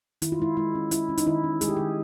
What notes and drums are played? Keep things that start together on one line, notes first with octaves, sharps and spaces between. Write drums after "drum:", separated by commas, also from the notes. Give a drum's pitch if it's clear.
D#3 E4, drum: hi-hat
F4
G#3 E4
G#3 E4
C#4
C#4 E4, drum: hi-hat
C#4
D#4, drum: hi-hat
D#3 E4
C#4
G#3 G#4, drum: hi-hat
G4
D#3 G#4